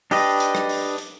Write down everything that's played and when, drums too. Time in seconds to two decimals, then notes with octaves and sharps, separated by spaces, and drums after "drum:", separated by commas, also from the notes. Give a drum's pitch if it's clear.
0.11 D4 G4 B4 D#5, drum: open hi-hat
0.40 drum: hi-hat
0.55 drum: rim click
0.69 drum: open hi-hat
0.98 drum: hi-hat